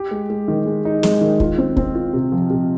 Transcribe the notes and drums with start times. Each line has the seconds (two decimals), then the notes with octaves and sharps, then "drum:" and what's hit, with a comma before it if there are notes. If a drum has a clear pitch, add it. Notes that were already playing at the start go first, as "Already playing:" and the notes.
Already playing: G4
0.11 G#3
0.30 G#3
0.48 D#3
0.66 G#3
0.85 D#4
1.03 G#3, drum: snare
1.21 D#3
1.40 F4, drum: kick
1.58 C4
1.77 C4, drum: kick
1.95 F4
2.13 C3
2.32 F3
2.50 C3